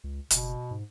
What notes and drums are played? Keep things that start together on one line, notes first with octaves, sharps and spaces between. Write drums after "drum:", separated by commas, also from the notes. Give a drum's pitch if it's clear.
C#2
F#1 B2, drum: hi-hat
G#2